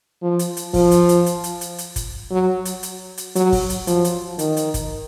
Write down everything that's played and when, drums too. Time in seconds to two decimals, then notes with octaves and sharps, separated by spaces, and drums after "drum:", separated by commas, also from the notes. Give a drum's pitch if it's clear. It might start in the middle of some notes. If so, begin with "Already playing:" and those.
0.22 F3
0.39 drum: hi-hat
0.57 drum: hi-hat
0.74 F3, drum: kick, open hi-hat
0.91 drum: hi-hat
1.09 drum: hi-hat
1.26 drum: hi-hat
1.44 drum: hi-hat
1.61 drum: hi-hat
1.78 drum: hi-hat
1.96 drum: kick, hi-hat
2.31 F#3
2.65 drum: hi-hat
2.83 drum: hi-hat
3.18 drum: hi-hat
3.36 F#3, drum: hi-hat
3.52 drum: kick, open hi-hat
3.70 drum: hi-hat
3.87 F3, drum: hi-hat
4.04 drum: hi-hat
4.39 D#3, drum: hi-hat
4.57 drum: hi-hat
4.74 drum: kick, hi-hat